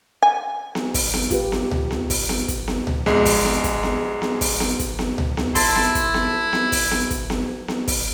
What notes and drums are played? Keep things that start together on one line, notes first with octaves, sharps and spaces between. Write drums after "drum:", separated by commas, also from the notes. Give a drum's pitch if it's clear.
G#5
drum: snare B3
drum: kick, open hi-hat
drum: snare B3
F4 G4 B4, drum: kick, hi-hat
drum: snare B3
drum: tom C#2
drum: snare B3
drum: kick, open hi-hat
drum: snare B3
drum: kick, hi-hat
drum: snare B3
drum: tom C#2
A#1 G#3, drum: snare B3
drum: kick, open hi-hat
drum: snare B3
drum: kick, hi-hat
drum: snare B3
drum: snare B3
drum: kick, open hi-hat
drum: snare B3
drum: kick, hi-hat
drum: snare B3
drum: tom C#2
drum: snare B3
E4 A4 A5 C6, drum: kick, open hi-hat
drum: snare B3
drum: kick, hi-hat
drum: snare B3
drum: snare B3
drum: kick, open hi-hat
drum: snare B3
drum: kick, hi-hat
drum: snare B3
drum: snare B3
drum: kick, open hi-hat